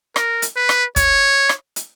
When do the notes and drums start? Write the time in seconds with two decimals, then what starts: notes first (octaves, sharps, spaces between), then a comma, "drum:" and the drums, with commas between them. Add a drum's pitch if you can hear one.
0.16 A#4, drum: rim click
0.42 drum: hi-hat
0.56 B4
0.69 drum: rim click
0.96 C#5, drum: kick, hi-hat
1.49 drum: rim click
1.76 drum: hi-hat